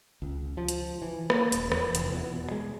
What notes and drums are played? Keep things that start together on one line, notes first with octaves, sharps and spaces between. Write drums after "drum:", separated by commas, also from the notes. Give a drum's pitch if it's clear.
C#2
F3
drum: hi-hat
E3
A#3, drum: rim click
D#1, drum: hi-hat
E2, drum: rim click
F1, drum: hi-hat
E2
B2
G#3